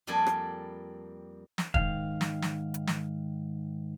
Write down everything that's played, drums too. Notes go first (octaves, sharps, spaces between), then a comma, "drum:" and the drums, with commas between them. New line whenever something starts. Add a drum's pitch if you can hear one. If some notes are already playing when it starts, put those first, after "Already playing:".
F2 G3 A#3 A4 D5 G#5
drum: rim click
drum: snare
G#2 D#3 F5, drum: kick
drum: snare
drum: snare
drum: hi-hat
drum: snare